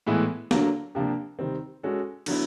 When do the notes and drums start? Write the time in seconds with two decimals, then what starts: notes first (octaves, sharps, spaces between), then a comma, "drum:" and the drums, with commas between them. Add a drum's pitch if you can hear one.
0.06 A2 E3 G#3 B3 E4
0.51 D3 F#3 A#3, drum: snare
0.95 C3 F3 A#3 D4 G4
1.39 C3 D#3 G3 C4
1.83 G#3 C#4 F#4 A4
2.26 D3 F#3 B3 E4, drum: cymbal